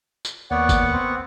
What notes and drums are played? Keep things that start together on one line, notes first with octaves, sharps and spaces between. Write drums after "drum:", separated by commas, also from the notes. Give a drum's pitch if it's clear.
drum: tambourine
D#2 A#3 B3 C#5 D5 F#5 C#6
drum: kick, tambourine
C4